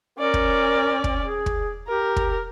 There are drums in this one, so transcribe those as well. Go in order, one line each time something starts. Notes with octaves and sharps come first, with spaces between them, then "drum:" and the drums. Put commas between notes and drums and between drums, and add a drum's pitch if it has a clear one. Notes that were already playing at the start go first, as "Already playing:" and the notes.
C#4 A#4 D5
drum: kick
drum: kick
G#4
drum: kick
G4 A#4
drum: kick